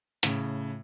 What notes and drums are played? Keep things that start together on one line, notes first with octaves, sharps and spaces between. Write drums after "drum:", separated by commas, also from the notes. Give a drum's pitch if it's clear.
A2 C#3, drum: hi-hat